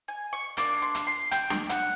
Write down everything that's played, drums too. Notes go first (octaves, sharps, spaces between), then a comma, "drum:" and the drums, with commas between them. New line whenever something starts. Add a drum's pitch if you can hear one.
G#5
C#6
A#3 D4 F4 D6, drum: hi-hat
C6
drum: hi-hat
C6
G5, drum: hi-hat
drum: snare
F#5, drum: hi-hat